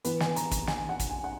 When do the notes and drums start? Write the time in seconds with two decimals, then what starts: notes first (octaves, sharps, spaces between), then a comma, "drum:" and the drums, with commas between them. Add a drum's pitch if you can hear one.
0.04 E3 B3 B4, drum: hi-hat
0.20 G#5, drum: snare
0.36 A#5, drum: hi-hat
0.51 A#5, drum: kick, hi-hat
0.67 G#5, drum: snare
0.89 F#5
1.00 drum: kick, hi-hat
1.10 G#5
1.24 F#5